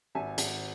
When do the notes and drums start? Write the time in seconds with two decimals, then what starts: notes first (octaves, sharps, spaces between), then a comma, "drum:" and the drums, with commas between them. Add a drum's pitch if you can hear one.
0.15 G#1 E5 G#5
0.38 G#1, drum: hi-hat